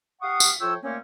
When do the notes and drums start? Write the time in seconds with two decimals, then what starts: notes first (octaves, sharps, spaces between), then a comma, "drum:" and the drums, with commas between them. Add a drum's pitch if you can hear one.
0.22 G4 F5 F#5 C#6 D#6
0.40 drum: tambourine
0.60 A2 F3 F4 C#5 G5 E6
0.83 A#2 A3 A#3 C4 C#4